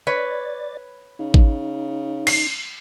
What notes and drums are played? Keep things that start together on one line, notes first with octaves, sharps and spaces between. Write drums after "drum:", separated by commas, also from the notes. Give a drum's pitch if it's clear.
B4 C#5 D5 A6
C#3 D#4
drum: kick G#1
C7, drum: cymbal